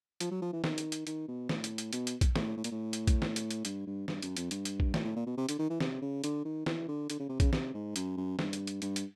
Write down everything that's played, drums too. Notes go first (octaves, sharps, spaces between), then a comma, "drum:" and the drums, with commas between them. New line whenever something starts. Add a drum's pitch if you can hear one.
F3, drum: hi-hat
F#3
F3
E3
D#3, drum: snare
drum: hi-hat
drum: hi-hat
D#3, drum: hi-hat
B2
A2, drum: snare
drum: hi-hat
drum: hi-hat
B2, drum: hi-hat
drum: hi-hat
drum: kick A#1, hi-hat
A2, drum: snare
A2
A#2, drum: hi-hat
A2
drum: hi-hat
drum: kick A#1, hi-hat
drum: snare
drum: hi-hat
drum: hi-hat
G2, drum: hi-hat
G2
G2, drum: snare
F#2, drum: hi-hat
F2, drum: hi-hat
G2, drum: hi-hat
drum: hi-hat
drum: kick A#1
A2, drum: snare
A2
A#2
B2
C3
D3, drum: hi-hat
D#3
E3
C3, drum: snare
C#3
D3, drum: hi-hat
D#3
E3, drum: snare
D3
D3, drum: hi-hat
C#3
C3
C#3, drum: kick A#1, hi-hat
C3, drum: snare
G#2
F#2, drum: hi-hat
F#2
G2, drum: snare
drum: hi-hat
drum: hi-hat
G2, drum: hi-hat
drum: hi-hat